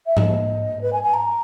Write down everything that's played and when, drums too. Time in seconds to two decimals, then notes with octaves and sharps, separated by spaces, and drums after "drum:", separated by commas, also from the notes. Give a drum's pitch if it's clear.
0.06 E5
0.17 D#5, drum: tom G#2
0.82 B4
0.93 G#5
1.03 G#5
1.14 A#5